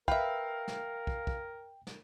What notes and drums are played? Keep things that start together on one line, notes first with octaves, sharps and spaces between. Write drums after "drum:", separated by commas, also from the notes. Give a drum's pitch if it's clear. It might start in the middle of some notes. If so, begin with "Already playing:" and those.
A#4 B4 E5 F5 G5, drum: kick
drum: snare
drum: kick
drum: kick
drum: snare